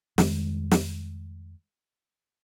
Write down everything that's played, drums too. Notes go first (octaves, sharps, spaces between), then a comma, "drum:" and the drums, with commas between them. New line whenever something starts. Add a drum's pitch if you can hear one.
F2 D#3 G3 G#3, drum: snare
drum: snare